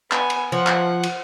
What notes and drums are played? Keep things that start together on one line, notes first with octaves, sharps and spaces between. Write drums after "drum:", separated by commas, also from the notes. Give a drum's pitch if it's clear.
B3 G#5, drum: clap
drum: cymbal
F3 F#5
drum: clap
drum: cymbal